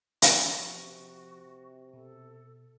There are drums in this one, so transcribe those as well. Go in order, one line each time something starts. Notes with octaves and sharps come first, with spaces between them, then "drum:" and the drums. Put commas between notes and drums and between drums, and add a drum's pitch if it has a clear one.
drum: hi-hat
C3 F3 F#4 C#6
B2 A4